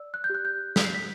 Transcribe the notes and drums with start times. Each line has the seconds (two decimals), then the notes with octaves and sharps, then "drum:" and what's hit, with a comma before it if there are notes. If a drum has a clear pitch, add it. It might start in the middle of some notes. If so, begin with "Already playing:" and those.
Already playing: D5 E6
0.14 F#6
0.24 G6
0.30 G4
0.35 F#6
0.45 G6
0.76 G4 B6, drum: snare
0.85 C7
0.95 B6